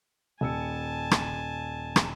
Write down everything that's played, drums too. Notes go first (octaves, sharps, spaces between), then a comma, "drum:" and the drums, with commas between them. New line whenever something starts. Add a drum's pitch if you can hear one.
D#1 G#5 A5 E6 C#7
drum: rim click
drum: rim click